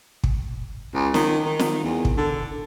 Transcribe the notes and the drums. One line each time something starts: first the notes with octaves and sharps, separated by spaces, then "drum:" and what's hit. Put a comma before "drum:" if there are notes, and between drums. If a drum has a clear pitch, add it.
drum: kick
C#2
D#3, drum: snare
D#3
drum: snare
E2
drum: kick
D3